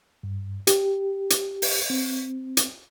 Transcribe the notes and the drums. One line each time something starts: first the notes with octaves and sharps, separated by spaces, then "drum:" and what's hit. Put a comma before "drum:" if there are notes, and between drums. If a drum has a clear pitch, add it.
G2
G4, drum: hi-hat
drum: hi-hat
drum: open hi-hat
C4
drum: hi-hat